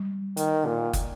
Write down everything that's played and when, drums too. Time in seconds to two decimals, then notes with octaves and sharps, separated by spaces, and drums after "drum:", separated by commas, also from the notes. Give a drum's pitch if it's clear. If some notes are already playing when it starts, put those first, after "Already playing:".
Already playing: G3
0.37 D#3, drum: hi-hat
0.66 A#2
0.93 drum: kick, hi-hat